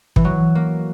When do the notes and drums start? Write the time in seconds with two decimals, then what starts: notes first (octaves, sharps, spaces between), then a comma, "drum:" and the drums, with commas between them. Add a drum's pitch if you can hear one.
0.16 E3, drum: kick
0.25 F#3
0.55 A#3